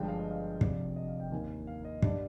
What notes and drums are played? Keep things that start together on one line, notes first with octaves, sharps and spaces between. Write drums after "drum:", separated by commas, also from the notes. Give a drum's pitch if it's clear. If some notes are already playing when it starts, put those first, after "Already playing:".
Already playing: G1 G2 F3 G#3 D4 G5
F5
D#5
F5
F1 F2 C3 D5, drum: kick
D#5
F5
G5
D#2 D#3 A#3 D#4 G#5
F5
D#5
G2 D3 G3 D5, drum: kick